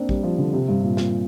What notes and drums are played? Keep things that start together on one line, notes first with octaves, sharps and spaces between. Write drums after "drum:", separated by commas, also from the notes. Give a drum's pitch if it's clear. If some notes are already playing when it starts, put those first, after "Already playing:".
Already playing: A#3 C4 D4
G3, drum: kick A1
F3
D3
C3
G2
A#2
A#2, drum: snare